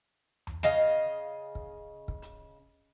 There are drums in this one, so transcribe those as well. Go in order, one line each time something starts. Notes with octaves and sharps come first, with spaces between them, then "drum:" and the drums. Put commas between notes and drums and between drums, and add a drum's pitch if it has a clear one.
drum: tom E2
C#3 D#5 F5, drum: snare
drum: kick
drum: kick
drum: hi-hat